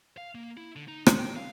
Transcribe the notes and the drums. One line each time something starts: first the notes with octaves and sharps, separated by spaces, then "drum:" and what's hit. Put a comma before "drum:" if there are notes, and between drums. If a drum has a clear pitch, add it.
F5
A#3
E4
D3
D#4
F#4, drum: rim click
G5
F5